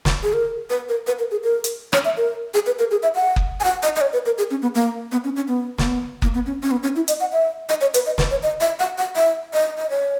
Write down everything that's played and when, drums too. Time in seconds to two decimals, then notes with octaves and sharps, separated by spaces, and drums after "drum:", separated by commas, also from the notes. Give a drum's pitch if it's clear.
0.05 drum: snare
0.23 G#4
0.33 A#4
0.70 B4
0.89 A#4
1.07 B4
1.19 A#4
1.31 G#4
1.44 A#4
1.64 drum: hi-hat
1.93 C#5, drum: rim click
2.05 E5
2.17 A#4
2.54 G#4
2.66 B4
2.79 A#4
2.91 G#4
3.03 E5
3.15 F#5
3.36 drum: kick F#1
3.60 G#5
3.64 F#5
3.83 D#5
3.96 D#5
4.01 C#5
4.13 B4
4.26 A#4
4.38 G#4
4.51 C#4
4.62 B3
4.75 A#3
5.12 B3
5.24 C#4
5.36 C#4
5.48 B3
5.78 A#3, drum: snare
5.85 B3
6.22 A#3, drum: kick F#1
6.34 B3
6.46 C#4
6.63 C#4
6.71 B3
6.83 C#4
6.96 E4
7.08 D#5, drum: hi-hat
7.20 F#5
7.32 E5
7.69 D#5
7.81 C#5
7.94 B4, drum: hi-hat
8.06 D#5
8.18 B4, drum: snare
8.31 C#5
8.43 D#5
8.61 E5
8.80 F#5
8.98 F#5
9.16 E5
9.53 D#5
9.78 D#5
9.90 C#5